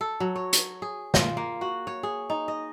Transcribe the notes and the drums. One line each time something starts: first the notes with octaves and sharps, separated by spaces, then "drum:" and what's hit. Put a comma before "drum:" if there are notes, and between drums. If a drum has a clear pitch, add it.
A4
F#3
C#5
drum: hi-hat
G#4
F4, drum: snare
A#3
F#4
C#5
G#4
D#4
D#5